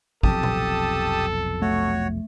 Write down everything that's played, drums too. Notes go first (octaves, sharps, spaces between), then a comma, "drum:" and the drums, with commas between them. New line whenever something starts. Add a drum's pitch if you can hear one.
F1 B1 F2 G4 A4 A5 D#6, drum: kick
drum: tom A#2
A3 F#4 C#5